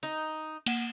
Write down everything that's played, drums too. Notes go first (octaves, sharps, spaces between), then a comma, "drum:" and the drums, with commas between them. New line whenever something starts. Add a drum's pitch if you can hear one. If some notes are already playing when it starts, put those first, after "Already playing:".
D#4
A#3 F#5 E7, drum: cymbal